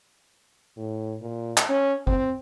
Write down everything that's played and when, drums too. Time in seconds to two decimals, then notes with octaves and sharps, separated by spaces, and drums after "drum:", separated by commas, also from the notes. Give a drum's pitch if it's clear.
0.77 A2
1.21 A#2
1.57 drum: clap
1.70 C#4
2.07 C4, drum: kick